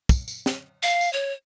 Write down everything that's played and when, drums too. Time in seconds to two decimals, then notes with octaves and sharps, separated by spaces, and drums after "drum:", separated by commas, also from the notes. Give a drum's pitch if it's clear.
0.09 drum: kick, tambourine
0.28 drum: tambourine
0.46 drum: snare
0.83 F5, drum: tambourine
1.01 drum: tambourine
1.13 C#5